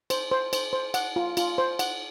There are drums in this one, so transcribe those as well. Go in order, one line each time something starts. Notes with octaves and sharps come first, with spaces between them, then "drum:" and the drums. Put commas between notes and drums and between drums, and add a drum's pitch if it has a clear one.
C5, drum: cymbal
C5
C5, drum: cymbal
C5
F#5, drum: cymbal
F4
F4, drum: cymbal
C5
F#5, drum: cymbal